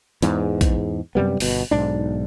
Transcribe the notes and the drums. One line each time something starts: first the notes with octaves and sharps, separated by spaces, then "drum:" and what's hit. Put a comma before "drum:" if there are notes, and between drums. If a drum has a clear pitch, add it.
E2 G#2, drum: hi-hat
drum: kick A#1, hi-hat
F#2 C3 G3 B3
G1 B2, drum: open hi-hat
B1 G#2 D4